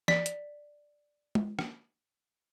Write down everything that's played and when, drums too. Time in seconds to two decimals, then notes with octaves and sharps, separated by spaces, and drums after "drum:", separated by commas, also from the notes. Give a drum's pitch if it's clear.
0.08 D5 B6, drum: snare
0.26 drum: hi-hat
1.35 drum: tom G#3
1.59 drum: rim click